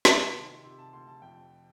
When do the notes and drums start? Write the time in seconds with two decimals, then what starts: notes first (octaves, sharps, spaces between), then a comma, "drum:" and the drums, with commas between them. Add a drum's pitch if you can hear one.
0.05 C3 A5, drum: snare
0.34 D#3 C6
0.63 C3 C6
0.79 A5
0.93 D2 C6
1.07 A5
1.22 F2 G5